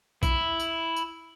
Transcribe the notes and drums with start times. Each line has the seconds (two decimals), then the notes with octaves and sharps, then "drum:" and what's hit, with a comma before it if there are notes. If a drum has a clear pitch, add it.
0.23 E4, drum: kick, tambourine
0.60 drum: tambourine
0.96 drum: tambourine